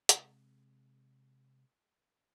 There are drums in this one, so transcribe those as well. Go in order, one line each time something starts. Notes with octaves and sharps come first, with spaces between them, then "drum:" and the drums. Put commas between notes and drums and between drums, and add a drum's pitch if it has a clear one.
C3 G#3, drum: hi-hat